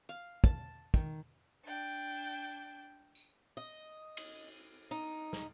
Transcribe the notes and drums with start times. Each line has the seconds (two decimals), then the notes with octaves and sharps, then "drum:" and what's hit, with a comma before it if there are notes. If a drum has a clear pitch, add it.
0.09 F5
0.44 A5, drum: kick
0.94 D#3, drum: kick
1.64 D4 G5
3.15 drum: tambourine
3.57 D#5
4.17 drum: cymbal
4.91 D#4
5.33 drum: snare